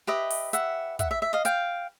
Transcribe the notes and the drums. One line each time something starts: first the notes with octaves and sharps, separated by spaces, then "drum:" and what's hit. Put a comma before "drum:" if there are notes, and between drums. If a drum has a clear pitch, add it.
G4 B4 D#5 E5
drum: open hi-hat
E5 F#5, drum: hi-hat
E5 F#5, drum: kick, hi-hat
E5
E5
D#5 F5
F5 G5, drum: hi-hat